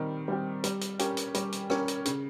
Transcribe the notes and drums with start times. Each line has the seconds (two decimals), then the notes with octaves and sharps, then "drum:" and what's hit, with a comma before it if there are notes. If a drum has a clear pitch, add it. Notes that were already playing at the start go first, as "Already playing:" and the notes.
Already playing: D#3 G3 C4
0.28 G3 C4 G4
0.64 G3, drum: hi-hat
0.81 drum: hi-hat
0.99 C#4 G4 A#4, drum: hi-hat
1.17 drum: hi-hat
1.35 G3, drum: hi-hat
1.52 drum: hi-hat
1.70 C#4 G4 A#4, drum: rim click
1.88 drum: hi-hat
2.05 C#3, drum: hi-hat